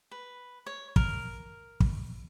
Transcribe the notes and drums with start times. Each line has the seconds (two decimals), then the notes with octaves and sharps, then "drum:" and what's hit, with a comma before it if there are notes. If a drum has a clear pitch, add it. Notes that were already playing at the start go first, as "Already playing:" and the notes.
0.11 B4
0.66 C#5
0.96 A#4, drum: kick
1.80 drum: kick